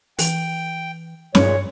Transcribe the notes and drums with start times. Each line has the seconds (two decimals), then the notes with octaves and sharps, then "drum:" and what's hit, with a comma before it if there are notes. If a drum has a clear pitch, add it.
0.19 E3 G5, drum: open hi-hat
1.35 G2 A#2 G#3 C#5, drum: snare